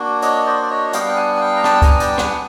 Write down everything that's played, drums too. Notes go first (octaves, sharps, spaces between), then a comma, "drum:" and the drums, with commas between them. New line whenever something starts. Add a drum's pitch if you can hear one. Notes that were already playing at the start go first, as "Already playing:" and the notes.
Already playing: A#3 D4 F#4
C#5 D#5, drum: hi-hat
C5 D5
D5
C#5 D#5
G3 B3 D4 F5 G5, drum: hi-hat
G5
F#5 G#5
F#5
F5 G5
A#5
G5 A5, drum: rim click
G#5 A#5, drum: kick C#2, hi-hat
G5 A5, drum: hi-hat
F#5 G#5, drum: rim click